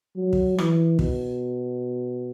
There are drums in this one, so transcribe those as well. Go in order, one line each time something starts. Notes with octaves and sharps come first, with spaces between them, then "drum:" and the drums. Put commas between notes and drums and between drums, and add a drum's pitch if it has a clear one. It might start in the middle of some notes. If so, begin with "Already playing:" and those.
F#3
drum: kick
E3, drum: rim click
B2, drum: kick